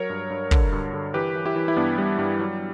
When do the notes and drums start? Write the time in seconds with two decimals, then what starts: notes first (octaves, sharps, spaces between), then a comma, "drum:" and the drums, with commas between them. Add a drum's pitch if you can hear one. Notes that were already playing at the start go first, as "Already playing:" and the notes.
Already playing: F#3 A#4 C#5
0.10 G2
0.30 G2
0.51 D3, drum: kick
0.72 G2
0.93 D3
1.14 E3 G4 B4
1.36 E3
1.46 E4 G4
1.56 E3
1.68 E4
1.77 G2 B3 D4
1.98 G2 G3
2.18 G2 G3
2.39 F#3